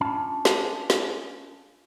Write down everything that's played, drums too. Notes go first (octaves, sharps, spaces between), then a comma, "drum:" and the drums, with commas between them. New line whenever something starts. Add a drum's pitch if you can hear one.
C#4 D4 F4 A5
drum: snare
drum: snare